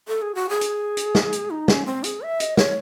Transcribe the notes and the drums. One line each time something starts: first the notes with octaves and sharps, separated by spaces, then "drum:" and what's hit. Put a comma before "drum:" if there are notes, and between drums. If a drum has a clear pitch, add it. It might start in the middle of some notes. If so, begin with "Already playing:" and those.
A4
G#4
F#4
G#4
drum: hi-hat
drum: hi-hat
drum: snare
drum: hi-hat
D#4
C#4, drum: snare
C4
G#4, drum: hi-hat
E5
D#5, drum: hi-hat
C#5, drum: snare